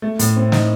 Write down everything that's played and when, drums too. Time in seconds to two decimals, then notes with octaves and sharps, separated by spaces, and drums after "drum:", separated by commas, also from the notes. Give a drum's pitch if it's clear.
0.02 A3
0.19 A2, drum: hi-hat
0.36 C4
0.52 D#4, drum: snare